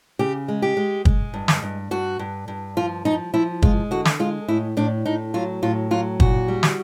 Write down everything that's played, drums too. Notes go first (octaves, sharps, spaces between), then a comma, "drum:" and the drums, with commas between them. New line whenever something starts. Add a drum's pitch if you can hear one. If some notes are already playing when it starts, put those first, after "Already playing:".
C#3 G4
G#3
G4
G#3
G#3, drum: kick
G2
drum: snare
G2
G2 F#4
G2
G2
F3 F4
F3 D#4
F3 E4
G#3 F4, drum: kick
D3 F#4
drum: snare
G#3 F4
A2 E4
A2 D4
A2 D#4
F#3 F4
A2 F4
F#3 F4
A#2 F#4, drum: kick
G3
drum: snare